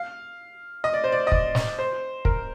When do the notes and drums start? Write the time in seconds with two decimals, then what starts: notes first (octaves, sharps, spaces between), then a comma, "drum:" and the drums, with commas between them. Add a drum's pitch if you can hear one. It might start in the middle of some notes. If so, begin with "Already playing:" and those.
Already playing: F5
0.84 D#5
0.94 D5
1.04 C5
1.12 D5
1.27 D#5
1.32 D5, drum: kick
1.55 drum: snare
1.78 C5
2.25 A#4, drum: kick